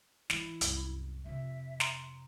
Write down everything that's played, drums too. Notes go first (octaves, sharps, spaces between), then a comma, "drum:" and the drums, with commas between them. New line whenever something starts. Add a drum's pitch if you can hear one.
E3 G#3 E4, drum: snare
C2 F#2, drum: hi-hat
F2 C3 E5
A#5 C6, drum: snare